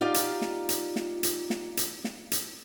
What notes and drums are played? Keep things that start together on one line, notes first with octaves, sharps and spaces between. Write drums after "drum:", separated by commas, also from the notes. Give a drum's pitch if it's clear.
D#4 F4 G4 D5 F5
drum: hi-hat
drum: snare
drum: hi-hat
drum: snare
drum: hi-hat
drum: snare
drum: hi-hat
drum: snare
drum: hi-hat